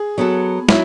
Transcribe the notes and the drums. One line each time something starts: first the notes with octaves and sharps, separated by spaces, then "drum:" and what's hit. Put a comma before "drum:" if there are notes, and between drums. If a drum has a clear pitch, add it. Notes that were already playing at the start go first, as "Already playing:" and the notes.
Already playing: G#4
F#3 B3 F#4 A4
F#3 E4, drum: snare